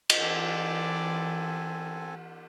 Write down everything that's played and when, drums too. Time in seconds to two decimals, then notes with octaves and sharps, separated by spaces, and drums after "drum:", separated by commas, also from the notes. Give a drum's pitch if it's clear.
0.10 drum: cymbal
0.20 E3 C4 A4 D5 G#5